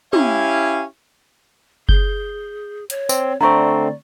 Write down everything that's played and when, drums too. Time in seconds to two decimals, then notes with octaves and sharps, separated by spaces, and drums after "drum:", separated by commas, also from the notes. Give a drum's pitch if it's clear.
0.13 C#4 E4 G4 C#5 F5 G#5, drum: tom
1.89 G#4 G6, drum: kick F#1
2.90 C#5, drum: hi-hat
3.09 C4, drum: tambourine
3.41 D3 A3 C4 D5 A#5 C#6